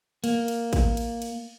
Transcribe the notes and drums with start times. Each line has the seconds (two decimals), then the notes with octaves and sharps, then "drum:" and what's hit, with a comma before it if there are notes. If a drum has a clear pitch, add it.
0.24 A#3, drum: cymbal
0.48 drum: cymbal
0.73 drum: kick, cymbal
0.97 drum: cymbal
1.22 drum: cymbal